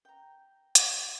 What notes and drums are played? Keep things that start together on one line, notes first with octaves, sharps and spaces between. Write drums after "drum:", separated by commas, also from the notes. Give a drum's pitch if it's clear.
G5 A#5
drum: hi-hat